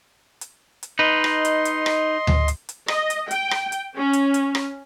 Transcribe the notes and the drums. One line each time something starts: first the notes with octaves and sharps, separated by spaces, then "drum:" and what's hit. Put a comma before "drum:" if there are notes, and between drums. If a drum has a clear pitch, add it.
drum: hi-hat
drum: hi-hat
D#4 B4 D#5 C6
drum: rim click
drum: hi-hat
drum: hi-hat
drum: rim click
drum: tom D2
drum: hi-hat
drum: hi-hat
D#5, drum: rim click
drum: hi-hat
G5, drum: hi-hat
drum: rim click
drum: hi-hat
C#4
drum: hi-hat
drum: hi-hat
drum: rim click